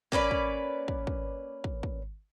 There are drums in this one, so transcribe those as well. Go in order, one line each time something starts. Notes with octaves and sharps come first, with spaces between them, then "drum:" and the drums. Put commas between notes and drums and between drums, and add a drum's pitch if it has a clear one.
A#3 C#4 B4 D5, drum: kick
drum: kick
drum: kick
drum: kick
drum: kick
drum: kick